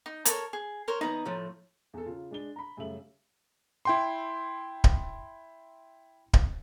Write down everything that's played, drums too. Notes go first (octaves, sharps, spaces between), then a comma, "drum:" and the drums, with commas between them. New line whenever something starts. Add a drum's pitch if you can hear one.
D#4
A4 A#4 C#5 A#5, drum: hi-hat
G#4
A#4 C5 C#5
E2 B3 D#4 A#5
A2 F3 A3
E2 A4
C#3 F4
G#3 D4 G7
A#5 B5
F#2 C#3 G3 A3 E5 F#7
E4 G5 C6
drum: kick D1
drum: kick D1